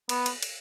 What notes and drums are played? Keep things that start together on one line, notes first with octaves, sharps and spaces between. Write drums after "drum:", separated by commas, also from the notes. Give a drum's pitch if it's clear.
B3, drum: cymbal
drum: cymbal
drum: cymbal